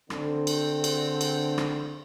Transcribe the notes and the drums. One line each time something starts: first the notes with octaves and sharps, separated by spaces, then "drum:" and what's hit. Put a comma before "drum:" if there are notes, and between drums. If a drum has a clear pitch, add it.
D3 C4, drum: rim click
drum: cymbal
drum: cymbal
drum: cymbal
drum: rim click